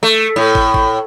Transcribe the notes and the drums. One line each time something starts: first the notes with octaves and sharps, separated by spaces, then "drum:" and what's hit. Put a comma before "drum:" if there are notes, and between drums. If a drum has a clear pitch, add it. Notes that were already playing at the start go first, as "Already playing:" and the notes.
A3
A2
drum: kick
drum: kick